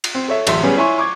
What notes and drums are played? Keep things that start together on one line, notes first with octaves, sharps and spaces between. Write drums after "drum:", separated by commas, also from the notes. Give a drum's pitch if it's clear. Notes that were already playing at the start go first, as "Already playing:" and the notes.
drum: cymbal
C4
A4 C#5 E5
D1 A1 E5 C6, drum: cymbal
G3 B3 C#4 G#4
E4 C#5 G#5 C6 C#6
C#6 D6 G#6